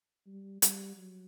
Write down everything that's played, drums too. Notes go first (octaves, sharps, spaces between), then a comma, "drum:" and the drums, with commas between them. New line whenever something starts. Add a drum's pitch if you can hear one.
G3
G3, drum: hi-hat
F#3